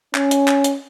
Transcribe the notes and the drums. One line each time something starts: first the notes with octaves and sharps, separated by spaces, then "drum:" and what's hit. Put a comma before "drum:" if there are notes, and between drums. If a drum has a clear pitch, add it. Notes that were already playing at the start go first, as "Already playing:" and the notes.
C#4, drum: clap
drum: hi-hat
drum: clap
drum: hi-hat